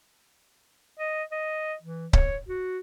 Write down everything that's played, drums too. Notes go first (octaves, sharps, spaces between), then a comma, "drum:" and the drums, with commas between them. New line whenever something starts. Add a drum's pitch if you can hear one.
D#5
D#5
E3
C#5, drum: kick C#1
F#4